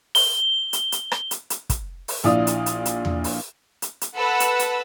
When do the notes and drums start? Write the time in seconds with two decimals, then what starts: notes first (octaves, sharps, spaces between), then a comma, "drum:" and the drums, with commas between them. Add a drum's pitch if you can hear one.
0.15 G7, drum: open hi-hat
0.73 drum: hi-hat
0.92 drum: hi-hat
1.12 drum: rim click
1.31 drum: hi-hat
1.50 drum: hi-hat
1.70 drum: kick, hi-hat
2.08 drum: open hi-hat
2.24 A#1 A#2 E4 D5 F5 D#6
2.47 drum: hi-hat
2.66 drum: hi-hat
2.85 drum: hi-hat
3.05 drum: tom E2
3.24 drum: open hi-hat
3.82 drum: hi-hat
4.01 drum: hi-hat
4.16 A4 B4 F#5 B5 E6
4.40 drum: hi-hat
4.59 drum: hi-hat